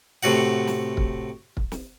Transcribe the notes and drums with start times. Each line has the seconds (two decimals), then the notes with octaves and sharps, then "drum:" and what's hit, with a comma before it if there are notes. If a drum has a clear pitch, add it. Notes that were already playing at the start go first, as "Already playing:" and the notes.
0.23 A2 C3 F#4 F#5
0.67 drum: snare
0.97 drum: kick
1.57 drum: kick
1.72 drum: snare